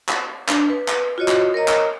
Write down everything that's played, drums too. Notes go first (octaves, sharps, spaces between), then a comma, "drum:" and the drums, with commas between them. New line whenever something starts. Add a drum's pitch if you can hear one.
drum: clap
D4, drum: clap
B4
drum: clap
F4 F#4 C#5 D#5
drum: clap
A#4 C#5 D#5 A#5
drum: clap